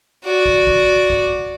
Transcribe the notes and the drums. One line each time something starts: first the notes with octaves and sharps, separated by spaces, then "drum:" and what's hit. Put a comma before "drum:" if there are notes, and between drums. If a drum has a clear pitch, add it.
F#4 D5
drum: kick
drum: kick
drum: kick